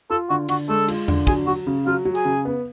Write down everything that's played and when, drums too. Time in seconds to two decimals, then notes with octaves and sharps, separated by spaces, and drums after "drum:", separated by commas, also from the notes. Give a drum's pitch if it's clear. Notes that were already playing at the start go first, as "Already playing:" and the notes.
0.10 F4 A4
0.30 D3 F#4
0.49 D3 F#4, drum: cymbal
0.68 G#3 A4
0.88 F4, drum: cymbal
1.08 D3, drum: tom E2
1.27 F#3 G#4, drum: kick
1.47 F#3 F#4
1.67 C#3
1.86 F#3 F4
2.05 F#3
2.15 G#4, drum: hi-hat
2.25 C#3
2.45 B3